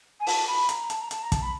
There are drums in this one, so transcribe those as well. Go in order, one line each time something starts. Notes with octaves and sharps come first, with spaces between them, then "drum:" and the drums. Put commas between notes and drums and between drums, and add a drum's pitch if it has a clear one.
G#5
A5, drum: open hi-hat
B5
A#5, drum: hi-hat
A5, drum: hi-hat
A#5
A5, drum: hi-hat
A#5
A5, drum: kick, hi-hat
B5